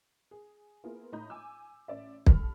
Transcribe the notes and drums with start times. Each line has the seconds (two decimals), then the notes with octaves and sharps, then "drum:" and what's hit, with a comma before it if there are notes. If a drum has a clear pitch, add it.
0.31 G#4
0.84 A#3 B3 E4 F4 G#4 A#4
1.12 A2 D#4 D#5 A#5 B5 G6
1.30 G#5 D6 E6
1.88 A1 D5 E5
2.26 G3 A4 B5 F6, drum: kick